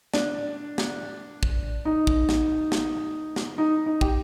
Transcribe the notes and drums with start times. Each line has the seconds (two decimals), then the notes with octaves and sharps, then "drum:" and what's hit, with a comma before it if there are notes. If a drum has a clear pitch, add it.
0.14 D4, drum: snare
0.78 drum: snare
1.43 drum: kick
1.85 D#4
2.07 drum: kick
2.29 drum: snare
2.72 drum: snare
3.36 drum: snare
3.58 D#4
3.86 D#4
4.01 G4, drum: kick